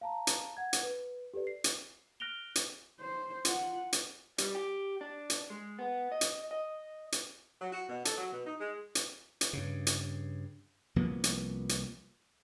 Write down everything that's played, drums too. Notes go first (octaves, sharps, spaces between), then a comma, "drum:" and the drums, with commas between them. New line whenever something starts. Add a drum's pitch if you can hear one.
F5 A5 A#5
drum: hi-hat
F#5 G#6
drum: hi-hat
B4
G4 A4 B4 D5
C7
drum: hi-hat
F6 F#6 A#6 D7 F7 G7
drum: hi-hat
C5
F4 F#5, drum: hi-hat
drum: hi-hat
G3, drum: hi-hat
G4
D4
drum: hi-hat
G#3
B3
D#5
drum: hi-hat
D#5
drum: hi-hat
F#3
F#4
B2
A4, drum: hi-hat
F#3
B2
D#4
G#3
drum: hi-hat
drum: hi-hat
G2 C#3
drum: hi-hat
C2 F3 A#3 B3
drum: hi-hat
drum: hi-hat